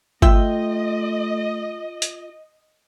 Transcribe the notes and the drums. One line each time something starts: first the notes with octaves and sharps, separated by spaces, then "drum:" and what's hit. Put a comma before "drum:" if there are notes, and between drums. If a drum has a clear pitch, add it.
A3 F4 D#5 E5 G5, drum: kick G1
drum: hi-hat